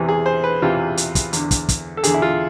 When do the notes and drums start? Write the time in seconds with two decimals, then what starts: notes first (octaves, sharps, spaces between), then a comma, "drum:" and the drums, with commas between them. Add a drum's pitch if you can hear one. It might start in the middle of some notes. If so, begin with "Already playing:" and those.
Already playing: E2 C3 E3
0.09 G#4
0.26 C5
0.44 B4
0.62 E2 C3 E3 F4
0.97 drum: hi-hat
1.15 drum: kick, hi-hat
1.33 E2 D3, drum: hi-hat
1.51 drum: kick, hi-hat
1.69 drum: kick, hi-hat
1.97 A4
2.04 E2 D3 G#4, drum: hi-hat
2.14 E4
2.22 F4